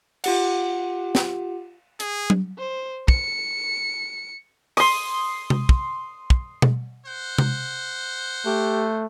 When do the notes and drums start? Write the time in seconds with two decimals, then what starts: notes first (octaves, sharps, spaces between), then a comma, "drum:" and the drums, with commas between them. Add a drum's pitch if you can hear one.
0.24 F4 G4 F#5, drum: cymbal
1.15 drum: snare
2.00 G#4, drum: hi-hat
2.30 drum: tom F#3
2.59 C5
3.08 C#7, drum: kick
4.77 C6 D#6, drum: open hi-hat
5.50 drum: tom C3
5.69 drum: kick
6.30 drum: kick
6.62 drum: tom B2
7.06 C5 F#5
7.38 drum: tom C3
8.46 A3 G4